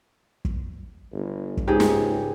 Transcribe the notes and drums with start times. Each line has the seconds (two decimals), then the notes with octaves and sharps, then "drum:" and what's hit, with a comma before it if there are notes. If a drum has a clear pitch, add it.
0.45 drum: kick
1.12 G1
1.57 drum: kick
1.68 C#2 G#2 G4 G#4
1.80 drum: snare